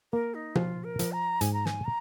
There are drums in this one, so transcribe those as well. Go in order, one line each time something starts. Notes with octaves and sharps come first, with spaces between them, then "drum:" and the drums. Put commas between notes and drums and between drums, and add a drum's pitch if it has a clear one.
A#3 A#4
D#4
F3 F4, drum: tom B2
A#4
F3, drum: hi-hat
A#5
G#2 G#5, drum: hi-hat
A#5
G#5, drum: snare
A#5